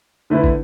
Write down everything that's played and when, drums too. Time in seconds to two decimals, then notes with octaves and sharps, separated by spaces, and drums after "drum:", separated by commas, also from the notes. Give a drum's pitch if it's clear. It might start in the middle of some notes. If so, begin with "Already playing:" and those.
0.30 D3 A3 E4 B4
0.44 drum: kick